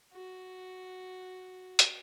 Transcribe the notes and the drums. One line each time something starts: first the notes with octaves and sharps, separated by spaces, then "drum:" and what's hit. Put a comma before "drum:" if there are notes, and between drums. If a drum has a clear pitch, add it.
F#4
drum: hi-hat